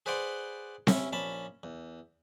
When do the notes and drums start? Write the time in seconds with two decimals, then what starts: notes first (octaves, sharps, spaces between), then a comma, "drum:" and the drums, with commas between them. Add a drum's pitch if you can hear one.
0.06 G#4 B4 C5 D5 F#5 C6
0.87 C#4 E4, drum: snare C4
1.13 A#1 C#4 A5 B5
1.63 E2